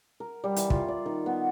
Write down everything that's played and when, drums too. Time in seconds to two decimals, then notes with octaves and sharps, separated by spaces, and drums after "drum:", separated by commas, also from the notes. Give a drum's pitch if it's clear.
0.20 A#4
0.44 G3
0.56 E3, drum: hi-hat
0.70 F4, drum: kick
0.88 D5
1.06 D#3
1.26 B3